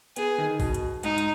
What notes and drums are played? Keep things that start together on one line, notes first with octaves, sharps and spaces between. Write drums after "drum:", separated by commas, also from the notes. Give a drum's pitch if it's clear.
B3 G#4, drum: hi-hat
D#3
B2, drum: kick, open hi-hat
drum: hi-hat
G#2 D#4, drum: hi-hat
drum: hi-hat